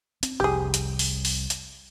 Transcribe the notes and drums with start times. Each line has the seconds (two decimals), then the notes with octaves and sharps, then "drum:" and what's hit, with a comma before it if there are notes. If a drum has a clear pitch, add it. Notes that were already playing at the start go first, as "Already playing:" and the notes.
0.23 C4, drum: hi-hat
0.40 F1 C2 F2 G4 G#4
0.74 drum: hi-hat
0.99 drum: open hi-hat
1.25 drum: open hi-hat
1.50 drum: hi-hat